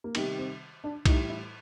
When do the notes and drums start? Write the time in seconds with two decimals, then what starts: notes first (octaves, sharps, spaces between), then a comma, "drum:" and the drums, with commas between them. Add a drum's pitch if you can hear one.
0.04 A#3
0.15 C3 D#3 G3 B3, drum: cymbal
0.38 C4
0.84 D4
1.06 A2 E3 G3 D#4, drum: kick B1, cymbal
1.29 E4